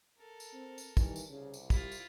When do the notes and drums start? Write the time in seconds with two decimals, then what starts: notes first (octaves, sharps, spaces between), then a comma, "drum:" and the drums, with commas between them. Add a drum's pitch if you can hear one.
0.17 A4 A#4
0.40 drum: tambourine
0.53 C4
0.78 drum: tambourine
0.97 D#3 E3 G3, drum: kick, tambourine
1.16 drum: tambourine
1.29 C2 C#3
1.54 drum: tambourine
1.70 G3 E4 F4, drum: kick, tambourine
1.92 drum: tambourine